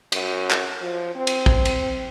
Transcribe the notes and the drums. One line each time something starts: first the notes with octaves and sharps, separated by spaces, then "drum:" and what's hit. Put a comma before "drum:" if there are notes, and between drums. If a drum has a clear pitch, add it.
F#2, drum: cymbal
drum: clap
F3
C4
drum: cymbal
drum: kick
drum: cymbal